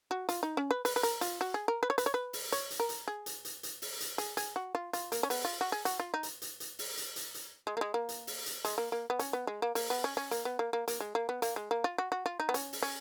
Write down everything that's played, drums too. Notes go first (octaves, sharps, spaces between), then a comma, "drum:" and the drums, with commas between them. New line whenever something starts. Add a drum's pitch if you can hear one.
F#4
F4, drum: hi-hat
D#4
C#4
B4
B4, drum: open hi-hat
B4
A#4, drum: hi-hat
F4, drum: hi-hat
F#4
G#4
A#4
B4
C#5
B4, drum: hi-hat
C#5
B4
drum: open hi-hat
C#5, drum: hi-hat
drum: hi-hat
A#4
drum: hi-hat
G#4
drum: hi-hat
drum: hi-hat
drum: hi-hat
drum: open hi-hat
drum: hi-hat
G#4, drum: hi-hat
G#4, drum: hi-hat
F#4
F4
F4, drum: hi-hat
A#3, drum: hi-hat
C#4
B3, drum: open hi-hat
F4
F#4
G#4
F#4, drum: hi-hat
F4
D#4
drum: hi-hat
drum: hi-hat
drum: hi-hat
drum: open hi-hat
drum: hi-hat
drum: hi-hat
drum: hi-hat
G#3
A#3
G#3
A#3
drum: hi-hat
drum: open hi-hat
drum: hi-hat
G#3, drum: hi-hat
A#3
A#3
B3
C#4, drum: hi-hat
B3
G#3
A#3
A#3, drum: open hi-hat
B3
C#4
C#4
A#3, drum: hi-hat
B3
A#3
A#3
A#3, drum: hi-hat
G#3
A#3
B3
A#3, drum: hi-hat
G#3
A#3
F4
F#4
F#4
F4
D#4
B3
C#4, drum: hi-hat
drum: open hi-hat
C#4